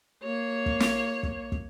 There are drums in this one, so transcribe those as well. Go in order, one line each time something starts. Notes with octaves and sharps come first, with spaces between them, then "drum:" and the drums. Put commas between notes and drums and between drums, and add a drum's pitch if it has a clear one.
A#3 C#5
drum: kick
drum: snare
drum: kick
drum: kick